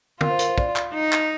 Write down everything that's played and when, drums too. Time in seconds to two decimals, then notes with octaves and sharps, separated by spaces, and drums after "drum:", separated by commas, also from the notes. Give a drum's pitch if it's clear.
0.21 F4 A#4, drum: tom
0.30 C5
0.39 A#4, drum: hi-hat
0.49 C5
0.58 D5, drum: kick
0.76 drum: clap
0.94 D#4
1.13 drum: clap